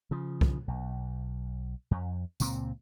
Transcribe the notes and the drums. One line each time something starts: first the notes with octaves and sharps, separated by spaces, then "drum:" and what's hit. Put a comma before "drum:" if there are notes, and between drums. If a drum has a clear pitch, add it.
C#3 F3
drum: kick
B1
F2
C#2 A#2 C4, drum: tambourine